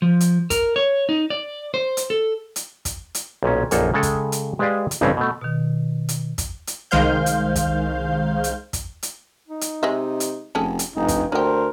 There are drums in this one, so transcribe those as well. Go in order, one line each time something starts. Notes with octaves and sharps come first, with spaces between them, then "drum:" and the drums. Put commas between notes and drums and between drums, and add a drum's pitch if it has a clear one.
F3
drum: hi-hat
A#4, drum: kick, hi-hat
C#5
D#4
D5
C5
drum: hi-hat
A4
drum: hi-hat
drum: kick, hi-hat
drum: hi-hat
B1 A#2 C#4
A#1 F#2 A#3 D#4 A4, drum: hi-hat
C#3 G#3 A4 G5
drum: kick, hi-hat
drum: hi-hat
G#3 G4 B4 D5 F5 G#5
drum: hi-hat
A1 G2 C#3 E3 C4 C#4
B2 A3
B2 D#3
drum: hi-hat
drum: kick, hi-hat
drum: hi-hat
C2 D#3 G#3 C5 F5 G6
drum: hi-hat
drum: kick, hi-hat
drum: hi-hat
drum: kick, hi-hat
drum: hi-hat
D#4
drum: hi-hat
C3 G#3 D#5 E5
drum: hi-hat
F1 C#4 G#4 A4
drum: hi-hat
F1 G2 D#4
drum: kick, hi-hat
D2 G#3 G4 A#4 C5